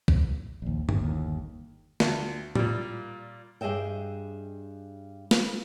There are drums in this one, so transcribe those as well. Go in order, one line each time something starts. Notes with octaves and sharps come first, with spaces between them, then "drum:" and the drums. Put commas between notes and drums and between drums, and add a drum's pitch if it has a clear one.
drum: kick
A#1 D#2
G1 D#2, drum: tom G2
D2, drum: snare
A#2 G3, drum: tom A2
G2 G#4 D#5 E5 G5
drum: snare